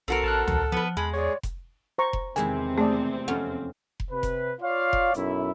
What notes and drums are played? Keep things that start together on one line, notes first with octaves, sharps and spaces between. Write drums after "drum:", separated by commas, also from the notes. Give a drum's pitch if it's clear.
B1 C4 F#4 A4 A#4
A#1 A5 F6 F#6
C2, drum: tom D2
F3 B3 B4
E2 G#3 B5
G#4 C#5 D5
drum: kick F1, hi-hat
C5 A#5 C#6
drum: kick F1
E2 C3 D#3 G#3 C4 E4 G#5, drum: hi-hat
A3 G#4 D5
F2 C#4 F4 F#5
drum: kick F1
C3 B4
drum: kick F1, hi-hat
F4 C#5 D5 F5
drum: kick F1
B1 F#2 E4, drum: hi-hat